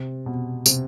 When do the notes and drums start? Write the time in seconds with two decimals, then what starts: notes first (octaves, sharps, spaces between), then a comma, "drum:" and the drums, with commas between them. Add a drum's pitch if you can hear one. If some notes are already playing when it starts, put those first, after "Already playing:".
Already playing: C3
0.26 B2
0.66 C3, drum: tambourine